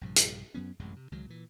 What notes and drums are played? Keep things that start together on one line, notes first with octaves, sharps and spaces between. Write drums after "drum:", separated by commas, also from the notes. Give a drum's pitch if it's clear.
A#1 G2 C3 F3
drum: hi-hat
F#2 F#3 B3 C#4
A1 F#2 C3 G#3
C3
C#2 D#3 F#3 G#3
A#2 E3